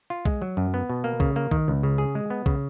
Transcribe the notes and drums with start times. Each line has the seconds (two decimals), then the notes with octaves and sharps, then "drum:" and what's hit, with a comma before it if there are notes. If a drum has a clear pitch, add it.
0.10 F4
0.25 G#3, drum: kick B1
0.42 F#3
0.57 F#2
0.74 B3
0.90 B2
1.04 A#3
1.20 C#3, drum: kick B1
1.36 A#3
1.51 D#3, drum: kick B1
1.68 C#2
1.83 C#3
1.98 G#4
2.15 G#3
2.30 B3
2.46 C#3, drum: kick B1